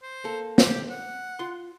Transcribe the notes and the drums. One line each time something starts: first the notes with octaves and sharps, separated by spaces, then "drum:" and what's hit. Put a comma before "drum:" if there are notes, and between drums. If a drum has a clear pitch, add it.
C5
A#3 A4
G4, drum: snare
F#5
F4 C6